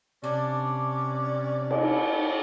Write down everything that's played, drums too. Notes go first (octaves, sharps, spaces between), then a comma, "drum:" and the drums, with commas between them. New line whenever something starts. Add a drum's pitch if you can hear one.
C3 C#4 D4 D5
drum: cymbal